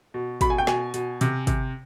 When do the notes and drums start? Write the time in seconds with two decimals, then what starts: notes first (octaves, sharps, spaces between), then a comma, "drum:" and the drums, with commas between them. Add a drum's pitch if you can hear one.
0.14 B2
0.41 B2 B5, drum: kick, hi-hat
0.50 G#5
0.58 G5
0.67 B2 G#5, drum: snare
0.94 B2, drum: hi-hat
1.21 C3, drum: hi-hat
1.47 C3, drum: kick, hi-hat